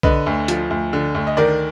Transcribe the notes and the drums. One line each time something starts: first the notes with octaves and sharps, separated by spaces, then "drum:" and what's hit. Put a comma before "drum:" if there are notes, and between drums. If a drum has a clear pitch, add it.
D3 B4 D#5, drum: kick B1
D2
F3, drum: hi-hat
D2
D3
D2
D#5
D#3 A#4 D5